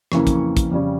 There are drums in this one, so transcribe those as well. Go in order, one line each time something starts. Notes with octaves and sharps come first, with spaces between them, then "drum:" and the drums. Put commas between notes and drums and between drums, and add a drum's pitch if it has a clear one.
F2 C#3 E3 A#3 C#4 C#6, drum: rim click
drum: kick, hi-hat
drum: kick, hi-hat
F2 C#3 G3 C#4